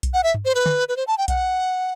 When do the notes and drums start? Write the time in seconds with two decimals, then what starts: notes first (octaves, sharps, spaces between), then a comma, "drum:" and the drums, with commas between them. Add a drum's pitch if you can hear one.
0.03 drum: kick B1, hi-hat
0.14 F#5
0.24 E5
0.34 drum: tom G2
0.45 C5
0.55 B4
0.66 drum: tom
0.89 B4
0.97 C5
1.08 A5
1.18 G5
1.28 F#5, drum: kick B1, hi-hat